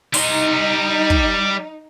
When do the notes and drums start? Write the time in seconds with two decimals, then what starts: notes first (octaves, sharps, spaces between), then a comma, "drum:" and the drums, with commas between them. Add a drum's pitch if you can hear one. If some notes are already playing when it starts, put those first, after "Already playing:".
0.14 G3 D#4 C6, drum: open hi-hat
1.10 drum: kick